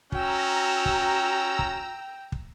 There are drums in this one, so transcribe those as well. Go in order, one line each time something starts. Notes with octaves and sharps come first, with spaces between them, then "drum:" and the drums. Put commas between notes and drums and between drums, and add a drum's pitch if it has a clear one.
C#4 F#4 G5 A#5 E6, drum: kick
drum: kick
drum: kick
drum: kick